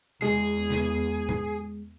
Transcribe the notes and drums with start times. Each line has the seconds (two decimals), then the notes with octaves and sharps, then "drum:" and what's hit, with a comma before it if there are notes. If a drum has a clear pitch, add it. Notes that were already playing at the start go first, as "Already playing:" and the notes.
0.22 E2 G#3 G#4, drum: snare
0.70 drum: snare
1.29 drum: tom G#2